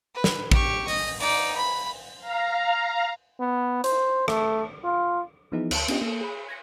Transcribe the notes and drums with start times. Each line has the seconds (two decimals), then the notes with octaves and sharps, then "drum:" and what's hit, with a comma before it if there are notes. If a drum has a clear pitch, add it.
0.15 B4
0.24 drum: snare
0.52 G4 C#6, drum: kick
0.88 D#5, drum: open hi-hat
1.20 D#4 D5, drum: open hi-hat
1.56 B5
2.19 F5 A#5
3.40 B3
3.84 C5, drum: hi-hat
4.28 A3, drum: rim click
4.84 F4
5.52 E3 F3 B3 D#4 E4 G#4
5.71 D2 A5, drum: cymbal
5.88 B3 C#4 D4 F4 G4 D#5, drum: cymbal
6.02 A#3 A4
6.21 G#4 B5
6.49 G#6 A#6 C#7